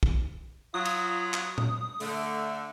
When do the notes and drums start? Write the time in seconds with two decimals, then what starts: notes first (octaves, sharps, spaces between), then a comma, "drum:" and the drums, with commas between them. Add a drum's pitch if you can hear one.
0.03 drum: kick
0.74 F#3 F4 D#6
0.85 drum: cymbal
1.34 drum: clap
1.58 drum: tom
2.00 D3 A3, drum: open hi-hat